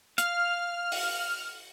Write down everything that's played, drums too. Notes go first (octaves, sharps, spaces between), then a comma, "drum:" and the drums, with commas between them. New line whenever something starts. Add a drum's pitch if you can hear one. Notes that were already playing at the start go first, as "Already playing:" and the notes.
F5 F6, drum: hi-hat
drum: open hi-hat